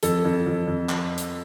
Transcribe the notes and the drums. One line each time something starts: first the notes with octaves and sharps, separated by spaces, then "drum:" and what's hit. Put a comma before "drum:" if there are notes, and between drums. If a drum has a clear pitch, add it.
F2 A4, drum: hi-hat
F2
F2
F2
drum: clap
drum: hi-hat